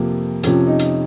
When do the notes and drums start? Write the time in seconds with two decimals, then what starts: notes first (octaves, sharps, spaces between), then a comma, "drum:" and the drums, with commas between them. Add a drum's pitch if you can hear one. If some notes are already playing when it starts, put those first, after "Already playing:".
Already playing: F2 C3 F3 A#3
0.43 F2 C3 F3 C#4, drum: hi-hat
0.67 D#4
0.79 drum: hi-hat